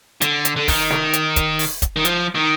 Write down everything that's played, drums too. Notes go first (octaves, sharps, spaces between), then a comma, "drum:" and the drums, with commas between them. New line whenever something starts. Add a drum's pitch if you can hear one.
D3, drum: hi-hat
drum: hi-hat
D3
D#3, drum: kick, open hi-hat
drum: snare
drum: hi-hat
drum: kick, hi-hat
drum: open hi-hat
drum: kick, hi-hat
D#3
F3, drum: hi-hat
D#3